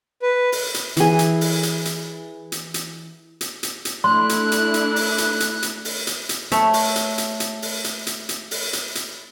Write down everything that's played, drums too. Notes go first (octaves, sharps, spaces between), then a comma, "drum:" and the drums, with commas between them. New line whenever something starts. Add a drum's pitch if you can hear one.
B4
drum: open hi-hat
drum: hi-hat
E3 G#4, drum: hi-hat
drum: hi-hat
drum: open hi-hat
drum: hi-hat
drum: hi-hat
drum: hi-hat
drum: hi-hat
drum: hi-hat
drum: hi-hat
drum: hi-hat
A3 D4 E4 C6 F#6
drum: hi-hat
drum: hi-hat
drum: hi-hat
drum: open hi-hat
drum: hi-hat
drum: hi-hat
drum: hi-hat
drum: open hi-hat
drum: hi-hat
drum: hi-hat
A3 C#5 E5, drum: hi-hat
drum: open hi-hat
drum: hi-hat
drum: hi-hat
drum: hi-hat
drum: open hi-hat
drum: hi-hat
drum: hi-hat
drum: hi-hat
drum: open hi-hat
drum: hi-hat
drum: hi-hat